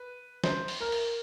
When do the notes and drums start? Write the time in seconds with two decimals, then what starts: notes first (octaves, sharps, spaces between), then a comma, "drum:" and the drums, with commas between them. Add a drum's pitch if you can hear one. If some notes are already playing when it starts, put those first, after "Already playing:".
Already playing: B4
0.44 C5, drum: snare
0.68 drum: open hi-hat
0.81 A#4
0.92 drum: open hi-hat